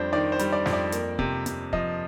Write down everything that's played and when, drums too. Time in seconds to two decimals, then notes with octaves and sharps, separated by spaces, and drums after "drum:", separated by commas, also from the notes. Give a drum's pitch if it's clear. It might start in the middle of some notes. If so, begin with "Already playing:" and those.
Already playing: F2 G3 D4 C5
0.12 D#3 D5
0.32 C5
0.39 G3, drum: hi-hat
0.52 D5
0.66 F2, drum: snare
0.73 D5
0.92 A#3, drum: hi-hat
1.19 C3, drum: kick
1.46 C3, drum: hi-hat
1.73 F3 D#5, drum: kick